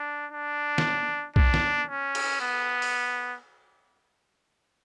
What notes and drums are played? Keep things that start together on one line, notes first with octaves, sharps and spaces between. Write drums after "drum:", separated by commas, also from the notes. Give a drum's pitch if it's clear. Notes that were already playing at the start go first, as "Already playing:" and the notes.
Already playing: D4
D4
drum: snare
D4, drum: kick
drum: snare
C#4
drum: cymbal
B3
drum: open hi-hat